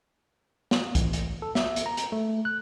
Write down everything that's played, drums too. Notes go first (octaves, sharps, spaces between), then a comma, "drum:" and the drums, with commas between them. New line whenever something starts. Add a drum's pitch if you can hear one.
drum: snare
A1, drum: kick, hi-hat
drum: hi-hat
A4
E5, drum: snare
drum: hi-hat
A#5
drum: hi-hat
A3
F#6